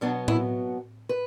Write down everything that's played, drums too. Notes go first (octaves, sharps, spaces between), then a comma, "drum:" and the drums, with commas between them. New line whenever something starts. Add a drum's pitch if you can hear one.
B2 F#3 B3 D4
E4, drum: tom A2
B4